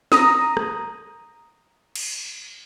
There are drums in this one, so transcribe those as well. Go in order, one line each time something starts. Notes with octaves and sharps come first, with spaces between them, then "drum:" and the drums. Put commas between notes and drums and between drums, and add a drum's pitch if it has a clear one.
A#5 D#6, drum: snare
drum: rim click
drum: cymbal